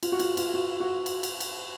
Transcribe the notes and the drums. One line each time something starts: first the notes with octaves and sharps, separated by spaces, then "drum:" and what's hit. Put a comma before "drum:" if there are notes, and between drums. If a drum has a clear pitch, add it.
F4, drum: cymbal
F#4
F4, drum: cymbal
F4, drum: cymbal
F#4
F#4
drum: cymbal
drum: cymbal
drum: cymbal